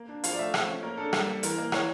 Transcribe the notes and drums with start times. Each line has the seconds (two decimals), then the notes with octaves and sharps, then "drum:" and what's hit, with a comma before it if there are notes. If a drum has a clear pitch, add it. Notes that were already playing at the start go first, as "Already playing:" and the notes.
Already playing: A#3
0.09 D4
0.24 F3 F5, drum: hi-hat
0.33 D5
0.39 A3 E5
0.54 F3, drum: rim click
0.68 C#4
0.83 A#3 A#4
0.97 D4 A4
1.13 G3, drum: rim click
1.28 A#3
1.43 E3 A#4, drum: hi-hat
1.58 A#3
1.72 E3 C#5, drum: rim click